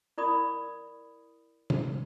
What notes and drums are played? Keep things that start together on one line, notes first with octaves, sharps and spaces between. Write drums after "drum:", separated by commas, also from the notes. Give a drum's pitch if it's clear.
E4 A#4 D5 B5 C#6 D#6
drum: tom C3